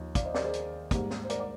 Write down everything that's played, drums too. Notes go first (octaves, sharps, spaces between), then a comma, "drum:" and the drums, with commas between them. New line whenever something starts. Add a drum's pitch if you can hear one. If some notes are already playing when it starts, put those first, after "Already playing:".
Already playing: D#2 F3 D#5
D5 F5, drum: kick, hi-hat
C5 D#5
A#4 D5, drum: snare
G#4 C5
drum: hi-hat
G#2 G3 A#3, drum: kick, hi-hat
drum: snare
C5
A#4 D5, drum: hi-hat
D5